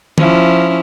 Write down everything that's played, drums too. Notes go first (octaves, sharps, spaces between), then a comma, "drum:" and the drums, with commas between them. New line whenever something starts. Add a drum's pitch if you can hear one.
F3 C#4 E4, drum: tom